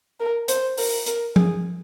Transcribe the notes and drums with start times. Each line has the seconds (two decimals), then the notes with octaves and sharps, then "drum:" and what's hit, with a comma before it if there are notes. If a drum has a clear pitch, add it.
0.20 A#4
0.48 C5, drum: hi-hat
0.78 A#4, drum: open hi-hat
1.06 A#4, drum: hi-hat
1.36 G#4, drum: tom F3